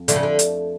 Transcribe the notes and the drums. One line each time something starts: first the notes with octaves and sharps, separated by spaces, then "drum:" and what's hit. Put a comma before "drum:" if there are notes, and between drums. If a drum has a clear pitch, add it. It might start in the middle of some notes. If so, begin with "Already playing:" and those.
Already playing: F2
D3 F3 A3 D4 G4, drum: hi-hat
C#3
D3
drum: hi-hat